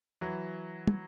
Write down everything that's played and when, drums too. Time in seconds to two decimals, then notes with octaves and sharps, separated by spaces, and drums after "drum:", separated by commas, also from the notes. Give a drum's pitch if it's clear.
0.21 E3 F#3
0.87 drum: tom